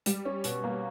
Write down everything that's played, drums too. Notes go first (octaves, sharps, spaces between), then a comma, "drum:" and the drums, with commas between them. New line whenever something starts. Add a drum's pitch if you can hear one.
G3, drum: hi-hat
C#4
B2, drum: hi-hat
A#3